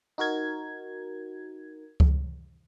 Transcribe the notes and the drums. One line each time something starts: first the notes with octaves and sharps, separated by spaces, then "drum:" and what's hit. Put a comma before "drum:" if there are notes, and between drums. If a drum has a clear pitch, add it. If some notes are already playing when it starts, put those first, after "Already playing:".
D#4 F#4 A#4 G#6
drum: kick C#2